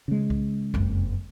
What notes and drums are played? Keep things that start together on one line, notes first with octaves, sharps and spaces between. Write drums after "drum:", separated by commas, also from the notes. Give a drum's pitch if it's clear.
C#3 G#3
drum: kick C2
F#1 F2, drum: kick C2